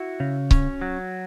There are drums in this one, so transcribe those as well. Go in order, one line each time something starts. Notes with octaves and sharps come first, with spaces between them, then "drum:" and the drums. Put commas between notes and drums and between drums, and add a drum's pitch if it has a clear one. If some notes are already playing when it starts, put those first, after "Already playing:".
Already playing: E4 F#4 F#5
C#3
C#4, drum: kick C#1
F#3